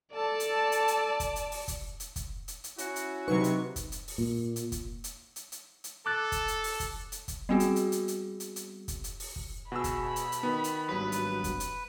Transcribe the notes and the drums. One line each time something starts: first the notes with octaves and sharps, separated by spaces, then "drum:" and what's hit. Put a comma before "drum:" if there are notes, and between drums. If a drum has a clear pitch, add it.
A4 D5 A5
drum: hi-hat
drum: hi-hat
drum: hi-hat
drum: kick, hi-hat
drum: hi-hat
drum: open hi-hat
drum: kick, hi-hat
drum: hi-hat
drum: kick, hi-hat
drum: hi-hat
drum: hi-hat
C#4 E4 F#4, drum: hi-hat
drum: hi-hat
C3 F#3 D#4 B4 C#6
drum: hi-hat
drum: kick, hi-hat
drum: hi-hat
drum: open hi-hat
A#2
drum: hi-hat
drum: kick, hi-hat
drum: hi-hat
drum: hi-hat
drum: hi-hat
drum: hi-hat
A4 D6 F#6 A6
drum: kick, hi-hat
drum: hi-hat
drum: open hi-hat
drum: kick, hi-hat
drum: hi-hat
drum: kick, hi-hat
G3 B3 C4 F#4 G#4
drum: hi-hat
drum: hi-hat
drum: hi-hat
drum: hi-hat
drum: hi-hat
drum: hi-hat
drum: kick, hi-hat
drum: hi-hat
drum: open hi-hat
drum: kick
B2 F#4 G#4 B5 E6
drum: kick, hi-hat
drum: hi-hat
drum: hi-hat
D#3 B3
drum: hi-hat
G#1 G2 F#3 B4
drum: hi-hat
drum: kick, hi-hat
drum: hi-hat